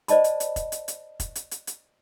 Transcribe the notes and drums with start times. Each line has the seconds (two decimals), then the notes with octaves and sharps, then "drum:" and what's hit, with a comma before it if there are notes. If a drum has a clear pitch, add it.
0.08 C5 D5 D#5 A5 B5, drum: hi-hat
0.24 drum: hi-hat
0.40 drum: hi-hat
0.56 drum: kick F1, hi-hat
0.72 drum: hi-hat
0.88 drum: hi-hat
1.20 drum: kick F1, hi-hat
1.35 drum: hi-hat
1.51 drum: hi-hat
1.67 drum: hi-hat